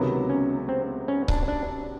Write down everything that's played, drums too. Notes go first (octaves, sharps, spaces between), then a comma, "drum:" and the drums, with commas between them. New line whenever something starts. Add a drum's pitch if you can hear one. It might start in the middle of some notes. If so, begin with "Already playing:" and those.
Already playing: C#2 C3 D#3 F#3 B3
C#4
C4
C#4
D4, drum: kick C#1
D4